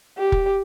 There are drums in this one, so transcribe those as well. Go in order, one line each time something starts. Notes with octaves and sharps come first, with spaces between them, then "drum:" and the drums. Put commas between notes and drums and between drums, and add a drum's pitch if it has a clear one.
G4
drum: kick